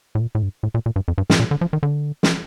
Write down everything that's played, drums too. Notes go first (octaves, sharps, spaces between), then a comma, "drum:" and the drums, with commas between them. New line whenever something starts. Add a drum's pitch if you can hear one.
A2
A#2
A2
G2
A2
A#2
A#2
G2
F2
G2
A2, drum: snare
A#2
D3
F3
D#3
D3
drum: snare